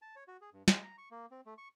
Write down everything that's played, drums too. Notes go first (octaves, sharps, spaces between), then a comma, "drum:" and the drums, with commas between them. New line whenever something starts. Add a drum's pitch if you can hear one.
A5
C#5
F#4
G#4
G2
G#3, drum: snare
A#5
C#6
A#3
C4
A3
C#6